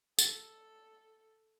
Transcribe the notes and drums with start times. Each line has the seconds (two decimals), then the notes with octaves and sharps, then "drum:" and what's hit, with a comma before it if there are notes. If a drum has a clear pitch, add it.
0.19 A4, drum: tambourine